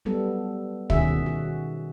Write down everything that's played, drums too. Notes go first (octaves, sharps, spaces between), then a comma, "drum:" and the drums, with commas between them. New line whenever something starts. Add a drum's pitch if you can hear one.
F#3 G3 B3 A4
B2 D#3 C#4 F#4 G#4 E5, drum: kick
F#4